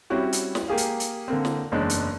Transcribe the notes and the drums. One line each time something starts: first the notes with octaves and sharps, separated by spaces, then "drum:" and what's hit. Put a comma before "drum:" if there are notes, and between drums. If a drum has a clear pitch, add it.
G3 C4 C#4 E4 F#4 G4
drum: hi-hat
drum: snare
A#3 G4 G#4 F5
drum: hi-hat
drum: hi-hat
D3 A#3 C4
drum: snare
F#1 E2 G#3 C#4 D4
drum: hi-hat